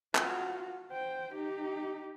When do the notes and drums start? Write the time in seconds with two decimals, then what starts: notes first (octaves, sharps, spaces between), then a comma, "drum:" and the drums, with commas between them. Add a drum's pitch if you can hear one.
0.15 F4 F#4, drum: clap
0.92 C5 G5
1.33 D#4 G4